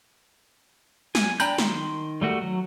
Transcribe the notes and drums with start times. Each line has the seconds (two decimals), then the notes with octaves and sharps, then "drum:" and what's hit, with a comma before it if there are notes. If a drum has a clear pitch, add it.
1.15 G#5, drum: snare
1.40 D4 G5 A#5 B5 G6, drum: tambourine
1.58 D#3 C6, drum: snare
2.21 G3 A3 F#4
2.42 F#3